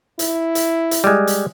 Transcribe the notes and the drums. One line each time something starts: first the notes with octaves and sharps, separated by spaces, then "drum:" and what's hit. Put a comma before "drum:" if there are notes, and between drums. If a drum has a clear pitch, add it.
E4, drum: hi-hat
drum: hi-hat
drum: hi-hat
G3 G#3
drum: hi-hat